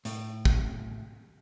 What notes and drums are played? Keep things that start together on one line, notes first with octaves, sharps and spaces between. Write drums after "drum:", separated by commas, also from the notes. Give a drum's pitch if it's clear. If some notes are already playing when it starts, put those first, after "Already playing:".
A2, drum: hi-hat
drum: kick